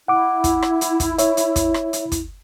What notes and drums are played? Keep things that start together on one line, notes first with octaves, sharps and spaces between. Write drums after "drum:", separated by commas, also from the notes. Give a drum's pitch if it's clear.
E4 F#5 D6
drum: kick, hi-hat
drum: rim click
drum: hi-hat
drum: kick, hi-hat
C#5 E5, drum: hi-hat
drum: hi-hat
drum: kick, hi-hat
drum: rim click
drum: hi-hat
drum: kick, hi-hat